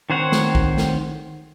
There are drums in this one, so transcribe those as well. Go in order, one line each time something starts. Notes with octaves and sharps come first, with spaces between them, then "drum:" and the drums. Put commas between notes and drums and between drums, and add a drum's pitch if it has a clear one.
D#3 C4 C5 C#5 F#5
drum: snare
drum: kick B1
drum: snare